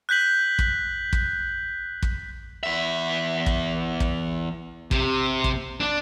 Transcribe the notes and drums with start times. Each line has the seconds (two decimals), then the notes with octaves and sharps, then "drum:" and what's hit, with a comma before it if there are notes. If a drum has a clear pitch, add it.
0.09 F#6 G6 B6 F#7
0.59 drum: kick
1.13 drum: kick
2.02 drum: kick
2.63 E2 E5
3.46 drum: kick
4.00 drum: kick
4.91 C3, drum: kick
5.44 drum: kick
5.80 D4